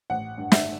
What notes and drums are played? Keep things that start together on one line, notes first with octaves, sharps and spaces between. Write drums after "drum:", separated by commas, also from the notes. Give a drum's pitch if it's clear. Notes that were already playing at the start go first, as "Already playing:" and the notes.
A1 F#5
G2
E5, drum: snare